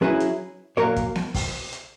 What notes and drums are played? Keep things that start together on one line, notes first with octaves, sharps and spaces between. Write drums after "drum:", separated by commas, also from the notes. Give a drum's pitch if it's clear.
F#3 C#4 E4 G#4 B4
drum: hi-hat
A#2 F#3 A#3 A#4 C#5
drum: kick, hi-hat
drum: snare B3
drum: kick, open hi-hat
drum: hi-hat